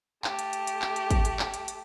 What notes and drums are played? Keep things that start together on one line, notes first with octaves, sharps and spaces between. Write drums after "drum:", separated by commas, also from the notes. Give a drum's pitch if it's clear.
A3 G4, drum: clap
drum: hi-hat
drum: hi-hat
drum: hi-hat
drum: clap
drum: hi-hat
drum: kick, hi-hat
drum: hi-hat
drum: clap
drum: hi-hat
drum: hi-hat